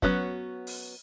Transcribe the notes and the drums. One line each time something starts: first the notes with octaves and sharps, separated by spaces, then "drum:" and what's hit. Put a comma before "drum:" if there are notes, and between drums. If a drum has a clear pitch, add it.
F#3 B3 C#4 F#4, drum: kick
drum: open hi-hat